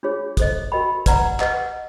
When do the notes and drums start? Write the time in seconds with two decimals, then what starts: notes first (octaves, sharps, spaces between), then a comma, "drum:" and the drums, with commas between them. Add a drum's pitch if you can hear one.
0.03 D4 F4 G#4 C#5
0.37 A4 C5 D#5, drum: kick, hi-hat
0.72 F#4 A#4 D#5 G5 B5
1.06 B4 D5 F#5 A#5, drum: kick, hi-hat
1.40 B4 D#5 F#5, drum: clap